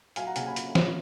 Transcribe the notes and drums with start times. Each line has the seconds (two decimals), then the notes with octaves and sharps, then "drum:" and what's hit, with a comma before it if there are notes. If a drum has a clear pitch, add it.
0.16 F#3 F5 G#5, drum: hi-hat
0.27 F#5 A#5
0.36 C#3 F5 G#5, drum: hi-hat
0.46 G#5 B5
0.56 C#4, drum: hi-hat
0.75 C#4, drum: snare